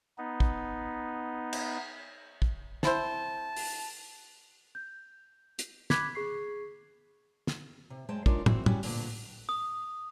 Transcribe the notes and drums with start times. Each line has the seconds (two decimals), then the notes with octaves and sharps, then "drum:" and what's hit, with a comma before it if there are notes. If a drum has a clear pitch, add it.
0.18 B3 D#4
0.40 drum: kick
1.53 drum: cymbal
2.42 drum: kick
2.83 C4 E4 C5 A5, drum: snare
3.56 drum: open hi-hat
4.75 G6
5.59 drum: hi-hat
5.90 B5 D6 F#6 G#6 B6, drum: snare
6.15 G#4 C#6 C7
7.47 drum: snare
7.90 C3
8.09 F#2 G#3 C5 G5 A5
8.26 G#3 D4 D#4 F4 A#4 C#5, drum: kick
8.46 A#2 E3 C4 F#4 C5, drum: tom
8.66 G3 C#4 F#4, drum: tom
8.83 D2 G2 A#2 D3, drum: open hi-hat
9.49 D#6